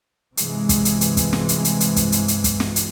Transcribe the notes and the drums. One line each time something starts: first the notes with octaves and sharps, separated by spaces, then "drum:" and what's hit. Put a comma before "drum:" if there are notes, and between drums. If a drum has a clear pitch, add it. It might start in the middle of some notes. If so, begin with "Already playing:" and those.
G2 C3 E3 G#3, drum: hi-hat
drum: kick, hi-hat
drum: hi-hat
drum: hi-hat
drum: kick, hi-hat
drum: snare
drum: hi-hat
drum: hi-hat
drum: hi-hat
drum: kick, hi-hat
drum: hi-hat
drum: hi-hat
drum: kick, hi-hat
drum: snare
drum: hi-hat